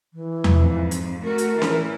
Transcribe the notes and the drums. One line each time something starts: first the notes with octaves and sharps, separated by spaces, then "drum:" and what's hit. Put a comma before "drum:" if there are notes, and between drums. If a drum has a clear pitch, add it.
E3
drum: tom E2
F2 G#2
drum: hi-hat
A3 F#4 A#4
drum: hi-hat
A2 E3, drum: snare C#4